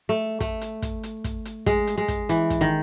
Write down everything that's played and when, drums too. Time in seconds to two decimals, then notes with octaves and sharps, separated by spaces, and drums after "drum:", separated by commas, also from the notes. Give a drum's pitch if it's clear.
0.09 A3
0.40 A3, drum: kick, hi-hat
0.61 drum: hi-hat
0.82 drum: kick, hi-hat
1.03 drum: hi-hat
1.24 drum: kick, hi-hat
1.45 drum: hi-hat
1.66 G#3, drum: kick, hi-hat
1.87 drum: hi-hat
1.98 G#3
2.08 drum: kick, hi-hat
2.29 E3, drum: hi-hat
2.50 drum: kick, hi-hat
2.61 D#3